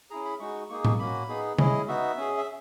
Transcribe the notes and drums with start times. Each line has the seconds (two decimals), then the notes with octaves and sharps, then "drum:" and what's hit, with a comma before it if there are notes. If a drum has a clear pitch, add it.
0.10 C#4 E4 G#4 A#5
0.25 B5
0.40 G#3 D#4 F#4 C#6
0.70 A#3 D#4 G#4 C#6
0.85 C#6, drum: tom A2
0.99 A#3 C#4 F#4 B5
1.29 B3 D#4 G#4
1.58 C#4 E4 G#4 D#5, drum: tom C3
1.88 B3 D#4 F#4 E5
2.18 C#4 G#4
2.38 E5